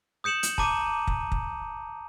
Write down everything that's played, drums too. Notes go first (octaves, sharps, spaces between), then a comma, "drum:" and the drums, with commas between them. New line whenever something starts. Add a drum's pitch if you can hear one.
D#6 G6 C#7 E7 F#7
drum: hi-hat
A5 A#5 D6 D#7, drum: kick
drum: kick
drum: kick